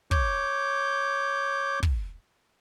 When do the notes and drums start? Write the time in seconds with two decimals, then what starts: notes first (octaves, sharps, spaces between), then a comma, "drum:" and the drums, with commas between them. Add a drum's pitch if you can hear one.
0.11 C#5 D6 G6, drum: kick
1.83 drum: kick